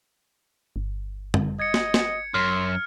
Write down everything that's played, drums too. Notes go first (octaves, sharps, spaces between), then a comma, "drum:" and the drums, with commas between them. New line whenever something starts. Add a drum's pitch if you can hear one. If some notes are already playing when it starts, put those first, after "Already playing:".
G1
drum: tom
D#5 G#6 C#7
drum: snare
drum: snare
F#2 C6 F6